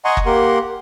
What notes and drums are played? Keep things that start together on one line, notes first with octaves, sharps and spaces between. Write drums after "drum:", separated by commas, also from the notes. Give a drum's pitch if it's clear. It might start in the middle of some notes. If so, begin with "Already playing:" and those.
D#5 F#5 G#5 A#5 C6 C#6
drum: kick F#1
A#3 G4 A#4 F#5 C6